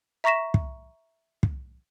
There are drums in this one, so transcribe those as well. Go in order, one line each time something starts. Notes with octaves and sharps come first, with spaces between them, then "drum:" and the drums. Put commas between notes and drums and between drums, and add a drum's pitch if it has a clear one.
E5 A#5 C#6 A#6 B6 E7
drum: kick
drum: kick